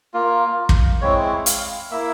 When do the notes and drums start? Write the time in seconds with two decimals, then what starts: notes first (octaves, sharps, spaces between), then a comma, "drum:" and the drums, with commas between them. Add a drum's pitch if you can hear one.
0.14 A#3 F4
0.69 drum: kick
1.02 G#3 C4 E4 C#5
1.46 F5, drum: hi-hat
1.91 A#3 E4 E5